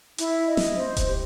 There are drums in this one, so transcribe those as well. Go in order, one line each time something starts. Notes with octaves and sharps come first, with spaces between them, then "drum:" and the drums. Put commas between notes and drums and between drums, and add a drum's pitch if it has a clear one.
E4, drum: hi-hat
D#5
drum: snare
C5
drum: kick D#1, hi-hat
G4